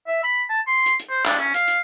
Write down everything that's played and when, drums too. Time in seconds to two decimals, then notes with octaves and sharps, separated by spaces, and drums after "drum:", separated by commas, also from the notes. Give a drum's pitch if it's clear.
0.08 E5
0.23 B5
0.49 A5
0.67 C6
0.86 drum: hi-hat
1.00 drum: hi-hat
1.09 C5
1.26 D4, drum: clap
1.38 C#4, drum: hi-hat
1.54 F5, drum: hi-hat
1.68 drum: hi-hat